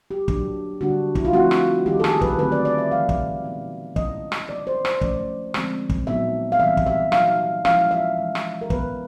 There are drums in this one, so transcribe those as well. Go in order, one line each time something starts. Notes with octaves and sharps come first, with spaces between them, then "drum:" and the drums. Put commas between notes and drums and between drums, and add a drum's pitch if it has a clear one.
G4
F#3 A#3 D4, drum: kick
D3 G3 A#3 D4 F#4
E4, drum: kick
F4
F3 A3 C4 E4 F#4
drum: rim click
D#3 G3 A#3 D#4 G4
A4
G#4, drum: rim click
B4, drum: kick
D3 F#3 A3 C4 B4
D5
D5
E5
C3 E3 G3 F5
drum: kick
A#2 F#3 B3 D#4
C3 D#3 G#3 C#4 E4 D#5, drum: kick
drum: rim click
B2 F#3 A#3 D#4 D5
C5
C5, drum: rim click
F3 A3 C#4 D5, drum: kick
D3 F3 G#3 C4, drum: rim click
drum: kick
A#2 F#3 B3 D#4 E5
F5
C3 E3 G3 E5
drum: kick
E5
F#3 A#3 D#4 F5, drum: rim click
F3 G#3 C#4 E4 F5, drum: rim click
E5
C3 E3 G#3
drum: rim click
A#4
C3 D#3 G3 B3 B4, drum: kick